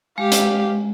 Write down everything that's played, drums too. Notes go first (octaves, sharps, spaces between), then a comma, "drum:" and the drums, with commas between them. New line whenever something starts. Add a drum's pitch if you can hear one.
G#3 G4 F5
drum: hi-hat